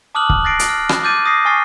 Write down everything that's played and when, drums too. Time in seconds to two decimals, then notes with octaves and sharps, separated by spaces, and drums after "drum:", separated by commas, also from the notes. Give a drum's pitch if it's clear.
0.15 A5 D6 D#6 F6 F#6 F#7
0.30 drum: kick
0.44 F6 F#6 A6 A#6 C7 D7
0.59 drum: hi-hat
0.69 F6
0.89 drum: rim click
1.04 D6 F6 G6 A6 D#7
1.26 D#6 A#6 C7
1.45 G#5 C#6 F6 A6 C7